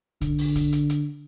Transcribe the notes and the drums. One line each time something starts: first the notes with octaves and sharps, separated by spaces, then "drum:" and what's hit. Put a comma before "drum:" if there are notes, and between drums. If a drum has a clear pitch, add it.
D3, drum: kick A#1, hi-hat
drum: open hi-hat
drum: kick A#1, hi-hat
drum: hi-hat
drum: hi-hat